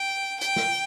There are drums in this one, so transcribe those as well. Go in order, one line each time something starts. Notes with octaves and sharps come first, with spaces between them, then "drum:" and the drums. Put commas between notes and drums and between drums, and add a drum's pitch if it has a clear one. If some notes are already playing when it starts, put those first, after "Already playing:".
Already playing: G5
G5, drum: hi-hat
drum: snare